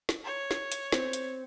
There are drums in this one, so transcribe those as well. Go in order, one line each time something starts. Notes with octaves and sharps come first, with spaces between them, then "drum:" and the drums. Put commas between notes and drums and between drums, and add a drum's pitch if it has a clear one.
drum: snare
C#5
drum: snare
drum: hi-hat
C4, drum: snare
drum: hi-hat